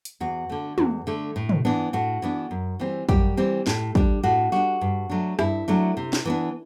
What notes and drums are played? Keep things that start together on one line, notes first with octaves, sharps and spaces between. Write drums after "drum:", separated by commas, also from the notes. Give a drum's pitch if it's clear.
drum: hi-hat
E2 F#4
D3 A3
E2, drum: tom
D3 A3
A2
drum: tom
E3 B3 D4
A2 F#4
E3 B3 D4
F#2
E3 G3 C4
F#2 G3 G4, drum: kick
E3 G3 C4
A2, drum: snare
G3 D4, drum: kick
A2 F#4
G3 D4 F#4
G2
F#3 A3 D4
G2 E4, drum: rim click
F#3 A3 D4
C3
drum: snare
E3 B3 D4